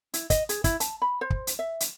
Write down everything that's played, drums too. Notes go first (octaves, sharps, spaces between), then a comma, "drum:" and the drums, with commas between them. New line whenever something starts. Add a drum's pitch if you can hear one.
E4, drum: hi-hat
D#5, drum: kick, hi-hat
G#4, drum: hi-hat
E4, drum: kick, hi-hat
A5, drum: hi-hat
B5
C5
drum: kick
drum: hi-hat
E5
drum: hi-hat